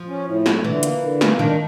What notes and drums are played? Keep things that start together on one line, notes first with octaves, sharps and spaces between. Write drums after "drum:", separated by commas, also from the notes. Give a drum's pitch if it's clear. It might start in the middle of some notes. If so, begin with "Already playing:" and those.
Already playing: F3
C#4
A2
A3, drum: snare
D3 E3
A#3, drum: hi-hat
D3
A#3, drum: snare
D#3 D4